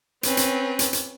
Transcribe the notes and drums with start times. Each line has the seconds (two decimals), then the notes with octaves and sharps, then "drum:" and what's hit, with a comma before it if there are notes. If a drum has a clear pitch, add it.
0.23 C4 C#4 B4, drum: hi-hat
0.37 drum: hi-hat
0.79 drum: hi-hat
0.93 drum: hi-hat